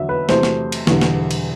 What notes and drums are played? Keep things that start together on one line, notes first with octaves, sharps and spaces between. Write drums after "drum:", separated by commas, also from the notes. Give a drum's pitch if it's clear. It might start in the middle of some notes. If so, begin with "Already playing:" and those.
Already playing: E2 D3 F#3 E5
B4
E2 C3 F#3 A3 C5, drum: snare
drum: snare
drum: cymbal
E1 E2 D3 G3, drum: snare
drum: snare
drum: cymbal